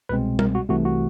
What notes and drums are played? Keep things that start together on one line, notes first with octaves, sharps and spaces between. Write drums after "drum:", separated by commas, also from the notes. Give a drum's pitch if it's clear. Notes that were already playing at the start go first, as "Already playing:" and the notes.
C2 B2 G#3 C4 B4
A#4, drum: tom G3
F#4
C2 C3 E3 A3 F#4
F#4